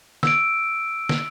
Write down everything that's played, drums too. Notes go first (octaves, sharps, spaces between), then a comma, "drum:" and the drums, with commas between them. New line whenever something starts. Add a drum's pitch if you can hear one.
E6 D7, drum: snare
drum: snare